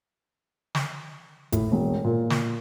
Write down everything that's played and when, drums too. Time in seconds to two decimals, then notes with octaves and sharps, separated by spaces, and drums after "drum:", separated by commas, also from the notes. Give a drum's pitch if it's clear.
0.75 drum: snare
1.52 A2, drum: kick G#1, hi-hat
1.72 E1
2.04 A#2
2.30 drum: snare